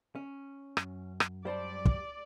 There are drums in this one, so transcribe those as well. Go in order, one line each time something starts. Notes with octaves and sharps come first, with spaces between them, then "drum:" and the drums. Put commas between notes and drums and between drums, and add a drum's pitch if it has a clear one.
C#4
F#2, drum: rim click
drum: rim click
G3 C5 D5 A5
drum: kick